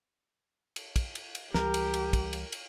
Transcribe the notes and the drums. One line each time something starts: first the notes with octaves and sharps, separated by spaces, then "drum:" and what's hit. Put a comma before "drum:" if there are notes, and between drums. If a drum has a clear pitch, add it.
drum: cymbal
drum: kick, cymbal
drum: cymbal
drum: cymbal
C#2 E3 G3 G4 A#4, drum: snare
drum: cymbal
drum: cymbal
drum: kick, cymbal
drum: cymbal
drum: cymbal